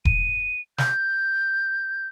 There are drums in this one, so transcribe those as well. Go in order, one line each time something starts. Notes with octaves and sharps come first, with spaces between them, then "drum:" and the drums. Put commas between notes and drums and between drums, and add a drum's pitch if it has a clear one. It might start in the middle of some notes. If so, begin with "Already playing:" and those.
D#7, drum: kick E1
G6, drum: snare